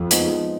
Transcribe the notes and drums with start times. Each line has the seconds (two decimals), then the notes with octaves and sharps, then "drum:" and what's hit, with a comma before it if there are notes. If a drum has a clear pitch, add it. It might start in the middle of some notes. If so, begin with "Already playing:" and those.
Already playing: F2
0.11 F3 G#3 B3 D#4, drum: hi-hat